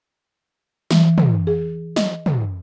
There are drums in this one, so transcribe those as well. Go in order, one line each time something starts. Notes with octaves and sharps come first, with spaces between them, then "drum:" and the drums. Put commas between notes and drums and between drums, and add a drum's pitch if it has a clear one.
E3, drum: snare
drum: tom
G#4
D#5, drum: snare
drum: tom